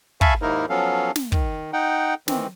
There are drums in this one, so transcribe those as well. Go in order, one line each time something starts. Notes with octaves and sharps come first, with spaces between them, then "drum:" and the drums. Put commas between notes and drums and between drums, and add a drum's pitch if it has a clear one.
E5 F5 G#5 A5 B5 C#6, drum: kick
D#2 G#2 A#3 D#4 E4 A#4
F3 F#3 B3 C#4 A4 F5
drum: snare
D#3, drum: kick
D#4 F#5 G5
D#3 E3 C4, drum: snare